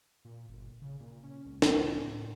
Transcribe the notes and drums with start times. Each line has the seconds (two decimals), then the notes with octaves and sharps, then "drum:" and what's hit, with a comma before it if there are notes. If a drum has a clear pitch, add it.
0.25 A#2
0.49 G1
0.82 C#3
1.00 A#2
1.23 C#4
1.46 C#2
1.62 drum: snare
1.90 A2